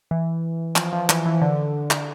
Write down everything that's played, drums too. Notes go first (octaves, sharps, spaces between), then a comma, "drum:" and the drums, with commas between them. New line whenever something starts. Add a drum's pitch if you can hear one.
E3
F3, drum: clap
F3
E3, drum: clap
E3
D3
drum: clap